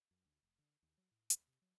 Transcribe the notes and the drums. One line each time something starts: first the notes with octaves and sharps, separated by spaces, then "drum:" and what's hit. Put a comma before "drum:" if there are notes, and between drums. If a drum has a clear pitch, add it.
F#2
D2
F1
D3
D#2
F#3
A2
D#2, drum: hi-hat
C3
F#3